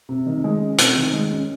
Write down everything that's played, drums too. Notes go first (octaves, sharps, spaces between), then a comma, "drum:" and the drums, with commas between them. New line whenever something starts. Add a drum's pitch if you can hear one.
C3
D#3
G#3
C#4
C3, drum: hi-hat
D#3
G#3
C#4